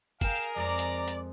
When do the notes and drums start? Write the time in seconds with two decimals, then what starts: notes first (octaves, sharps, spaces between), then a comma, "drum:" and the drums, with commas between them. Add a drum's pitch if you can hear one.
0.21 G#4 A#4 F5 G5 E7, drum: kick, hi-hat
0.56 F2 G#3 D5 A#5
0.79 drum: hi-hat
1.08 drum: hi-hat